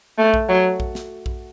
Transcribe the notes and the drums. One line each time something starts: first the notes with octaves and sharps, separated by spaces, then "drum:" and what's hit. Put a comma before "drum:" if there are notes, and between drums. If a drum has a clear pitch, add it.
A3
drum: kick A#1
F#3
drum: kick A#1
drum: snare
drum: kick A#1